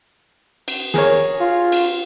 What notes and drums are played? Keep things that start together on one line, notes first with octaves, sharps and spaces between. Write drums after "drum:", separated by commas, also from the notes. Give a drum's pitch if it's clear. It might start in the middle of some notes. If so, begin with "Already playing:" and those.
drum: cymbal
G#4 A#4 C#5, drum: snare
F4
drum: cymbal